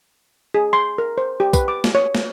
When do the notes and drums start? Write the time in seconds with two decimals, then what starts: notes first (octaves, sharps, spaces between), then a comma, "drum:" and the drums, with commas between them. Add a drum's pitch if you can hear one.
0.54 G#4
0.73 C6
0.98 A#4
1.18 C5
1.40 G4
1.53 B4, drum: kick, tambourine
1.68 D6
1.84 drum: snare
1.95 C#5
2.15 drum: snare